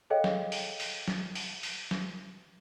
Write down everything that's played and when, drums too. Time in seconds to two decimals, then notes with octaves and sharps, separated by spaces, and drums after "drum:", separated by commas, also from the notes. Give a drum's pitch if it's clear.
0.10 G#4 A4 C#5 D#5 F5 G5
0.24 drum: snare
0.52 drum: open hi-hat
0.80 drum: open hi-hat
1.08 drum: snare
1.35 drum: open hi-hat
1.63 drum: open hi-hat
1.91 drum: snare